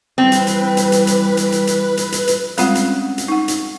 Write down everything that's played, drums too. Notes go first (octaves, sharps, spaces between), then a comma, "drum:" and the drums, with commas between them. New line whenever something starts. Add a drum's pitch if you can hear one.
E3 G3 C4 B4
drum: hi-hat
drum: hi-hat
drum: hi-hat
drum: hi-hat
drum: hi-hat
drum: hi-hat
drum: hi-hat
drum: hi-hat
drum: hi-hat
drum: hi-hat
drum: hi-hat
G3 G#3 C4 C#4 F4 F#5, drum: hi-hat
C#4, drum: hi-hat
drum: hi-hat
D#4 F#5
drum: hi-hat